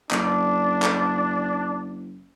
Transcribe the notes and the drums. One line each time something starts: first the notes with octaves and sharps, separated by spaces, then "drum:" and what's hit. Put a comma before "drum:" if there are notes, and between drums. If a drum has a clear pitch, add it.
F#1 D4, drum: clap
drum: clap